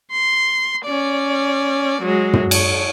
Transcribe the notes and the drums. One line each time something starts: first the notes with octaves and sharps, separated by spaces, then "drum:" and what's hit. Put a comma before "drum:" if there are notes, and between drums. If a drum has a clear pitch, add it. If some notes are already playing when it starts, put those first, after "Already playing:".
C6
C#4 D5
F#3 G#3
drum: tom
C#5, drum: cymbal